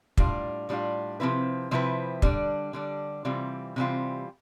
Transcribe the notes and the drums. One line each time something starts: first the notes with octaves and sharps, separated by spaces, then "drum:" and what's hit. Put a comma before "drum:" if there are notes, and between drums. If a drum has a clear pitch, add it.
A2 G3 D4 F4, drum: kick
A2 G3 D4 F4
C3 F3 C4 E4 B4
C3 F3 C4 E4 B4
D3 G3 D4, drum: kick
D3 G3 D4
C3 E3 G3 C4 F4
C3 E3 G3 C4 F4